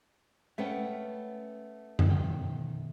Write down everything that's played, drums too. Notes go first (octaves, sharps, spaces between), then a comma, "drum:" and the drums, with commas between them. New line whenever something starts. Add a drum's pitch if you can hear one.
A3 B3 C#4 E5 F#5 G5
drum: tom F#2
B2 D#3 G5